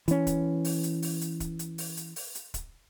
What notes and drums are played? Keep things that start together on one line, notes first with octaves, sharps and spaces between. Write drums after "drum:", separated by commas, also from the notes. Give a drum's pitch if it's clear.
E3 C#4, drum: hi-hat
drum: kick, hi-hat
drum: open hi-hat
drum: hi-hat
drum: open hi-hat
drum: hi-hat
drum: kick, hi-hat
drum: hi-hat
drum: open hi-hat
drum: hi-hat
drum: open hi-hat
drum: hi-hat
drum: kick, hi-hat